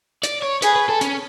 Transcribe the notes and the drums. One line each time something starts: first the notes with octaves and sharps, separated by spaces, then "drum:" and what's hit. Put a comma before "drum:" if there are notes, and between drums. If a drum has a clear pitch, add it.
D5, drum: hi-hat
C#5
G#4 B4, drum: hi-hat
B4
A4
C#4, drum: hi-hat